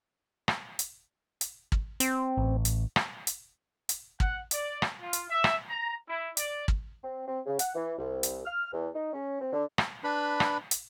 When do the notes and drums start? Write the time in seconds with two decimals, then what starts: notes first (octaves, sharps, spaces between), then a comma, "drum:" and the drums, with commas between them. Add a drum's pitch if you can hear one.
0.48 drum: rim click
0.79 drum: hi-hat
1.41 drum: hi-hat
1.72 drum: kick
2.00 C4, drum: hi-hat
2.37 A1
2.65 drum: hi-hat
2.96 drum: rim click
3.27 drum: hi-hat
3.89 drum: hi-hat
4.20 F#5, drum: kick
4.51 D5, drum: hi-hat
4.82 drum: rim click
4.99 F4
5.13 drum: hi-hat
5.30 E5
5.44 drum: rim click
5.69 A#5
6.08 E4
6.37 D5, drum: hi-hat
6.68 drum: kick
7.04 C4
7.27 C4
7.45 C#3
7.59 F#5, drum: hi-hat
7.75 E3
7.98 C2
8.23 drum: hi-hat
8.45 F6
8.72 E2
8.94 D#4
9.13 C#4
9.40 C4
9.52 D3
9.78 drum: rim click
10.04 D4 B4 B5
10.40 drum: rim click
10.71 drum: hi-hat